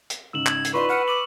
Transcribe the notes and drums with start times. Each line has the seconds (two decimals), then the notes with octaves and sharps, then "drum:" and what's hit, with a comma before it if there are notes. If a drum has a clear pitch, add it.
0.10 drum: hi-hat
0.33 G#2 C#3 E6 E7 F#7
0.46 G#6, drum: clap
0.65 drum: hi-hat
0.74 D#4 F4 B4 D5 C6 C#6
0.89 F#5 B5 F6 C#7 F#7
1.08 D6 E6 F#7